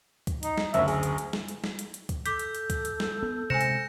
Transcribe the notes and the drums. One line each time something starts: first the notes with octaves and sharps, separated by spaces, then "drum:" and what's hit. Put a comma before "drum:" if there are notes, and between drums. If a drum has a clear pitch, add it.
drum: kick C#2, hi-hat
D#4, drum: hi-hat
drum: snare
F#1 D2 E5, drum: hi-hat
G#4, drum: open hi-hat
drum: hi-hat
drum: hi-hat
drum: snare
drum: hi-hat
drum: snare
drum: hi-hat
drum: hi-hat
drum: kick C#2, hi-hat
A4 D6 G6 B6, drum: hi-hat
drum: hi-hat
drum: hi-hat
drum: kick C#2, hi-hat
drum: hi-hat
drum: snare
B3
C3 G#3 C5 G#5 A#6 C#7 E7
drum: hi-hat